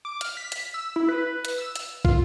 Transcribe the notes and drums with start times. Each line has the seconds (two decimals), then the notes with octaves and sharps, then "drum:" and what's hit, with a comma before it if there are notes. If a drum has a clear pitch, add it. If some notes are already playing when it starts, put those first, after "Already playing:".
0.05 D6
0.21 F6, drum: hi-hat
0.37 B6
0.52 drum: hi-hat
0.74 E6
0.96 E4
1.09 B4
1.45 drum: hi-hat
1.58 E6
1.76 drum: hi-hat
2.05 F4, drum: kick